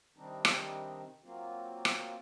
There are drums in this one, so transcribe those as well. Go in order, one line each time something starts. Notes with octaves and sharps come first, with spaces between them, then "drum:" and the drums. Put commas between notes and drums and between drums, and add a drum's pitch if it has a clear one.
C3 D#3 G3 C4 D4 D#4
drum: rim click
F#3 A#3 C4 F4
drum: rim click